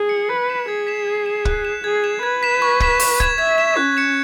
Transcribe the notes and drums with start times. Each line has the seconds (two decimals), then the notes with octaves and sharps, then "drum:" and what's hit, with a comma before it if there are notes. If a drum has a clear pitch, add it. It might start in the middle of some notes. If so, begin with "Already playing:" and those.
Already playing: G#4
0.09 C#7 F#7
0.29 B4 G#6
0.49 B6 E7
0.68 G#4 G#6
0.87 B6 E7
1.07 G#6
1.26 E7
1.45 F#6, drum: kick
1.65 E7
1.84 G#4 G#6
2.04 E7
2.22 B4 G#6
2.43 B6 E7
2.62 C#6
2.80 G#6 B6 E7, drum: kick
3.00 C#6, drum: open hi-hat
3.20 G#6 E7, drum: kick
3.38 E5 G#6
3.58 E7
3.77 C#4 F#6
3.97 C#7 E7